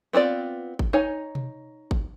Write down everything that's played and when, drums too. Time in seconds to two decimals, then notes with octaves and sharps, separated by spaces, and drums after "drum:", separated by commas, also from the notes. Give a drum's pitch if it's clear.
0.13 B3 C4 F4 D5
0.79 drum: kick G#1
0.93 D#4 C#5 G#5
1.35 drum: tom B2
1.91 drum: kick G#1